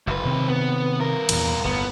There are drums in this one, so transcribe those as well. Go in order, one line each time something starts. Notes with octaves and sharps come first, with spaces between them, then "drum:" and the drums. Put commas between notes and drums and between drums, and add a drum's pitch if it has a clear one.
F#1 C2 B4
C3 D#3 C4
B3
G2 A#4
E2 A#2 E3, drum: cymbal
G1 A2 B3